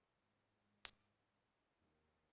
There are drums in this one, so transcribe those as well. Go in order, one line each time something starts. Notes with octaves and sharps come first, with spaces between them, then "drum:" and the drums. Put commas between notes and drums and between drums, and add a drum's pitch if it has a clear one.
G#2
drum: hi-hat
D#2